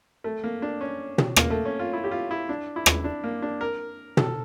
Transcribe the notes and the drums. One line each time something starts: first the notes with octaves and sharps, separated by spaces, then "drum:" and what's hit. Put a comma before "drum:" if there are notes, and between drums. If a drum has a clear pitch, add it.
A3
A#3
D4
C#4
drum: tom
A#3, drum: rim click
A3
C#4
F4
E4
G4
F4
E4
D4
E4
drum: rim click
D4
A#3
D4
A#4
A4, drum: tom